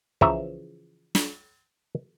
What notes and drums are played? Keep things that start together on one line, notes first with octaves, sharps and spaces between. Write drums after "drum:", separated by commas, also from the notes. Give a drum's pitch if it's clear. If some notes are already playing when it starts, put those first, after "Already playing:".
C#3 E3 F3 E5 A#5, drum: kick
drum: snare